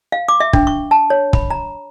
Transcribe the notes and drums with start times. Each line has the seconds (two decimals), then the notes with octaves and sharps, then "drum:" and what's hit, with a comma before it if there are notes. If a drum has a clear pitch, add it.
0.12 F5
0.28 D6
0.40 E5
0.53 D4, drum: kick
0.67 C#6
0.91 A5
1.10 C#5
1.33 B5, drum: kick
1.50 A#5